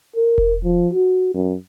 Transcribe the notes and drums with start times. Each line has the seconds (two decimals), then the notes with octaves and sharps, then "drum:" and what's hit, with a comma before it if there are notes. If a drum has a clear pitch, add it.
0.16 A#4
0.38 drum: kick E1
0.64 F3
0.93 F#4
1.34 F#2